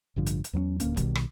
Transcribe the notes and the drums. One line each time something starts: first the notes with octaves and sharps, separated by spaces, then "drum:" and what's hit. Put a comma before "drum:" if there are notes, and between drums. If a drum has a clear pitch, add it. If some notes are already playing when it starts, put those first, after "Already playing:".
A1 G2 D3 F3
drum: hi-hat
drum: hi-hat
E2 F#3 B3 C#4
D1 D2 A#3 C#4, drum: hi-hat
B1 B2 D#3 G3, drum: kick, hi-hat
drum: rim click